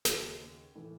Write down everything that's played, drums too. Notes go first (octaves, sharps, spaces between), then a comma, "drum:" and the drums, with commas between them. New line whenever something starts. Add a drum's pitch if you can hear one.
D#2 C#3 G#3 C#4 F#4, drum: snare
A2 E3 A3